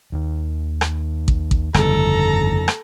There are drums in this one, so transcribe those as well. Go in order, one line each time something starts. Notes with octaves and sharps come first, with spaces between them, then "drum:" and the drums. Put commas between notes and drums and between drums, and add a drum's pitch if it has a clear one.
D#2 D#3
drum: rim click
drum: kick A1
drum: kick A1
G1 F2 C#3 A4 A#5, drum: rim click
drum: rim click